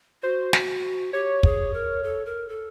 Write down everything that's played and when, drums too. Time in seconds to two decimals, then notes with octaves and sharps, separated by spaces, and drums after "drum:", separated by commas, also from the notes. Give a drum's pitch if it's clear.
0.23 F#4 C5
0.53 drum: snare
1.13 G4 C#5
1.43 G#4, drum: kick
1.74 A#4
2.03 A4
2.26 A#4
2.49 A4